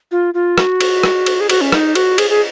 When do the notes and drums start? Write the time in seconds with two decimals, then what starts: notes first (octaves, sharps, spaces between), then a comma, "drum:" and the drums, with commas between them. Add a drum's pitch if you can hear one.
0.12 F4
0.34 F4
0.58 F#4, drum: rim click
0.81 drum: cymbal
1.03 drum: rim click
1.26 drum: cymbal
1.41 G#4
1.49 F#4, drum: cymbal
1.61 C#4
1.72 D#4, drum: rim click
1.95 F#4, drum: cymbal
2.18 G#4, drum: cymbal
2.30 G#4